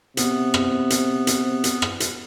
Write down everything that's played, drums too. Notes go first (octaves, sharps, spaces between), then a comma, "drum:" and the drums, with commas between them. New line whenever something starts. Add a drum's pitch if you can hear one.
C3 B3, drum: hi-hat
drum: rim click
drum: hi-hat
drum: hi-hat
drum: hi-hat
drum: rim click
drum: hi-hat